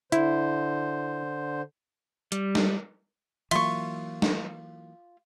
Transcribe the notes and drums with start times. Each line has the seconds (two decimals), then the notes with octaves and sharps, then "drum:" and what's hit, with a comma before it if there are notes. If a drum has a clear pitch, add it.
0.12 D3 E4 C5, drum: hi-hat
2.32 G3, drum: hi-hat
2.55 drum: snare
3.51 E3 F#3 A#3 F4 E5 C6 C#6, drum: cymbal
4.22 drum: snare